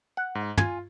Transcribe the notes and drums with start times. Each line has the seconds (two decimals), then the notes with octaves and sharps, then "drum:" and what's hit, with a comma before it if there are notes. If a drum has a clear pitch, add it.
0.17 F#5
0.35 G#2
0.57 F4 G#5, drum: tom